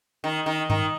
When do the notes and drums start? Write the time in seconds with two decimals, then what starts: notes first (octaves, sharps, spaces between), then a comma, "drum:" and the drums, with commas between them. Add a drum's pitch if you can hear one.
0.24 D#3
0.46 D#3
0.70 D#3, drum: tom G2